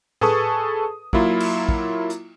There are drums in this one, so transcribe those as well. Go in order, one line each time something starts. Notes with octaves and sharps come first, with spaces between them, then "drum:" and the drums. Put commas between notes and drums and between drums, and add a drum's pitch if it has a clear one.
G#4 A4 B4 A5 C#6 D#6, drum: tom A2
F#3 A#3 E4 F4, drum: kick
drum: cymbal
drum: kick
drum: hi-hat